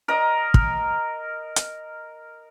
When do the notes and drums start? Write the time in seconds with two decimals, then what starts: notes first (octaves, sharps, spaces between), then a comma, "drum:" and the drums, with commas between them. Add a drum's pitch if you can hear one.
0.08 A#4 D#5
0.54 drum: kick
1.56 drum: hi-hat